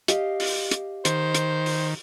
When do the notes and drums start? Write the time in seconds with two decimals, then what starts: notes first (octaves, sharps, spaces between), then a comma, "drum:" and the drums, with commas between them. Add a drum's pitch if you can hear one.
0.08 G4 D#5 F5, drum: hi-hat
0.40 drum: open hi-hat
0.71 drum: hi-hat
1.05 D#3 C5, drum: hi-hat
1.35 drum: hi-hat
1.66 drum: open hi-hat